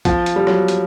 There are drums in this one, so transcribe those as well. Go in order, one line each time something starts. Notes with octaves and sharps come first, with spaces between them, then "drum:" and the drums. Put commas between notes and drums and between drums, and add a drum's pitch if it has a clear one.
F3, drum: kick B1, hi-hat
drum: hi-hat
G3
F#3, drum: rim click
drum: hi-hat